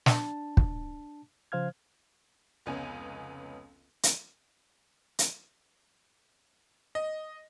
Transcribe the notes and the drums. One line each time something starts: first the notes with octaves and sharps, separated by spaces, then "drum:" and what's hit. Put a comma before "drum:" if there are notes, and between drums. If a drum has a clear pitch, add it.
D4 A5, drum: snare
drum: kick
C#3 F3 C5 F5 F6 G#6
F1 C#2 B3 C#4 G#5
drum: hi-hat
drum: hi-hat
D#5